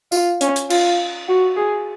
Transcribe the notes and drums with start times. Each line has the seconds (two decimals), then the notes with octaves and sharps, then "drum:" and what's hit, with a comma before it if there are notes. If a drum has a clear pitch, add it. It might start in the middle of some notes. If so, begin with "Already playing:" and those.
0.12 F4, drum: tambourine
0.41 C#4, drum: hi-hat
0.56 drum: hi-hat
0.70 F4, drum: cymbal
1.28 F#4
1.57 G#4